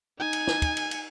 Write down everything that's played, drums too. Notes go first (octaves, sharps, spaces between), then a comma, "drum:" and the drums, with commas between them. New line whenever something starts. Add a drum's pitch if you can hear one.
D#4 G#5
drum: cymbal
drum: snare
drum: kick, cymbal
drum: cymbal
drum: cymbal